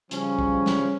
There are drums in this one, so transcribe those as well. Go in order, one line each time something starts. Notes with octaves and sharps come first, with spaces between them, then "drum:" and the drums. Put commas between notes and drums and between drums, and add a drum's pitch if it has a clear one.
C#3 F3 G3 C#4, drum: hi-hat
drum: kick
drum: snare